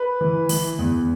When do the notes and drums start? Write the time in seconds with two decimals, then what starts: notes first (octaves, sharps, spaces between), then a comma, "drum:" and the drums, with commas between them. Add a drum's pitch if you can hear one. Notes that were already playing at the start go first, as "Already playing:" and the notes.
Already playing: B4
0.21 E3
0.49 E3, drum: open hi-hat
0.79 E2